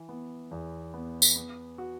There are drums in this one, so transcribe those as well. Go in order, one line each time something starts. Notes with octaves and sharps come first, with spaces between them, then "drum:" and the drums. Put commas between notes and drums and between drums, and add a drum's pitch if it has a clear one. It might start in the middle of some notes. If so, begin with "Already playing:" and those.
Already playing: E3
B3
E2
B3
drum: tambourine
B3
F#4